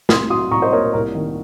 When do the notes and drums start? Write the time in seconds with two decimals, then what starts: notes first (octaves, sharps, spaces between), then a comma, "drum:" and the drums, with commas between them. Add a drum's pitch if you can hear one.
0.09 C2 C6 D#6, drum: snare
0.30 F#3 C6 D#6
0.51 C2 A#5 C#6
0.62 C5 D#5
0.72 A#2 A#4 C#5
0.83 A#4
0.94 C2 A#4
1.15 D#3